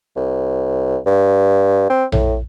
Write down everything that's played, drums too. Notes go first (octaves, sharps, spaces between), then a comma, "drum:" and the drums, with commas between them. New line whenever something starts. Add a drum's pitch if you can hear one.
C2
G2
C4
A2, drum: tom A#1